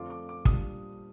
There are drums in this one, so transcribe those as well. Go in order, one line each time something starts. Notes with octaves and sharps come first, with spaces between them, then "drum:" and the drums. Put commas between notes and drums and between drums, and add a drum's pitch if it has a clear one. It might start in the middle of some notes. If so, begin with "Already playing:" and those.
Already playing: F2 D3 A3 D4 F4 D6
D6
D6
A#2 G3 D4 F4 D#6, drum: kick